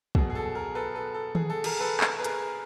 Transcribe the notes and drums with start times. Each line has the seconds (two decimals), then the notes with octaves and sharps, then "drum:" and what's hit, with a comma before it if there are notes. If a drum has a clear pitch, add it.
0.15 B2 F#3 B3 G#4, drum: kick
0.30 G#4
0.35 A4
0.55 G#4 A#4
0.75 A4 B4
0.94 A4 B4
1.14 A4
1.35 G#4, drum: tom D#3
1.50 A4
1.64 G#4 A#4, drum: cymbal
1.80 A4 B4
2.00 drum: clap
2.20 B4
2.24 G#4 A#4, drum: hi-hat